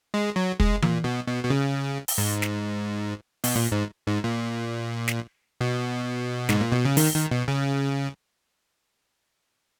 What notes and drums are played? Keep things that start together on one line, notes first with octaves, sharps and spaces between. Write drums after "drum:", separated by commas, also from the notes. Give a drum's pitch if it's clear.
G#3
F#3
G#3, drum: kick
A#2, drum: tom E3
B2
B2
B2
C#3
drum: open hi-hat
G#2
drum: snare
B2, drum: open hi-hat
A#2
G#2
G#2
A#2
drum: snare
B2
G#2, drum: snare
A#2
B2
C#3
D#3, drum: open hi-hat
D#3
B2
C#3